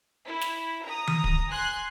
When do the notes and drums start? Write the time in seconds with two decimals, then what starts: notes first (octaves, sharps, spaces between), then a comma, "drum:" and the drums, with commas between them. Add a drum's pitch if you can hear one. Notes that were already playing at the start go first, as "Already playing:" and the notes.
0.25 E4
0.41 drum: snare
0.83 A#5 D#6
1.07 drum: tom D#3
1.24 drum: kick
1.50 G#5 C6 F#6